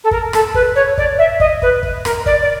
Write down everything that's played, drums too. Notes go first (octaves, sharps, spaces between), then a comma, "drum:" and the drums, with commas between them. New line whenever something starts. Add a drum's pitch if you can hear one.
A4
A#4, drum: kick
A4, drum: rim click
B4, drum: kick
C#5
D5, drum: kick
E5
D#5, drum: kick
B4, drum: kick
drum: kick
A#4, drum: rim click
D5, drum: kick
D5